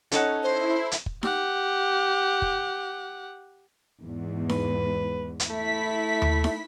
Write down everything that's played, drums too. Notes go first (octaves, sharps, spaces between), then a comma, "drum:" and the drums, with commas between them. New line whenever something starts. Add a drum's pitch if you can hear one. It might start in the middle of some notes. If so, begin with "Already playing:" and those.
C#4 D#4 A4 C#5 F#5 A5, drum: hi-hat
E4 C5
drum: hi-hat
drum: kick
G4 F#5, drum: snare D#4
drum: kick
E2 G#2
B4, drum: snare D#4
drum: hi-hat
A3 E4 B6
drum: tom D#2
drum: snare D#4